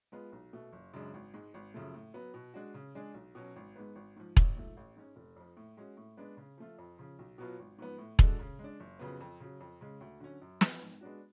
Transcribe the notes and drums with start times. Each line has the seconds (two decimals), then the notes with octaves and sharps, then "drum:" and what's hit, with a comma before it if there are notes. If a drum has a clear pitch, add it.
0.12 G#3 B3 F4
0.32 B1
0.53 B2 A3
0.72 F#1
0.93 F#2 C#3 G#3 D4
1.14 G#1
1.33 G#2 G#3
1.54 G#1
1.74 F#2 C#3 F3 A3
1.94 A2
2.14 F#3 B3
2.34 B2
2.54 G#3 D4 F#4
2.74 C#3
2.95 G#3 D4 G#4
3.14 B1
3.35 B2 F#3 C#4
3.56 G#1
3.76 G#2 G#3 B3
3.95 G#1
4.16 G#2 F3
4.37 A1, drum: kick E1
4.56 G#2 F3 A3
4.77 A1
4.97 G#2 G#3 C#4
5.16 F1
5.36 F2 F3
5.57 A2
5.77 G#3 C#4 F#4
5.97 A2
6.17 G#3 B3 D4
6.37 C#3
6.58 F3 A3 F4
6.78 F2
6.98 C#3 F3
7.19 B1
7.38 B2 F#3 B3 F4
7.59 G#1
7.78 G#2 F3 B3
7.98 A2
8.19 G#3 D4 F#4 A4, drum: kick E1
8.39 C#3
8.59 G#3 D4
8.80 F#1
8.99 F2 C#3 F#3 B3
9.20 F2
9.40 C#3 F#3
9.60 F2
9.81 C#3 G#3
10.01 D2
10.20 D3 F#3 C#4
10.42 F#2
10.61 F3 B3, drum: snare
10.82 G#2
11.01 G#3 B3 D4 F#4